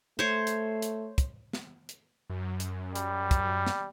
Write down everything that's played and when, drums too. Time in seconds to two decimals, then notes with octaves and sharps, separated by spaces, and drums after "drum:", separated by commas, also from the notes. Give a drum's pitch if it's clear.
0.19 A3 C5 C#5
0.47 drum: hi-hat
0.82 drum: hi-hat
1.18 drum: kick, hi-hat
1.53 drum: snare
1.89 drum: hi-hat
2.30 F#2
2.60 drum: hi-hat
2.95 G3, drum: hi-hat
3.31 drum: kick, hi-hat
3.66 drum: snare